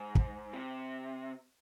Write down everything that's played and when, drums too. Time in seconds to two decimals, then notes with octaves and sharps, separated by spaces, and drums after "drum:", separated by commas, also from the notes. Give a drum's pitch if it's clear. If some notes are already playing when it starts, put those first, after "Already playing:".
Already playing: G#2
0.15 drum: kick
0.53 C3